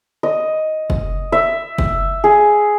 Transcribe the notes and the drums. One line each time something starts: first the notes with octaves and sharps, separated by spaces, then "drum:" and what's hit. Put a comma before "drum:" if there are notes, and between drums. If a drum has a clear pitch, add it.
D#5
drum: kick
E5
drum: kick
G#4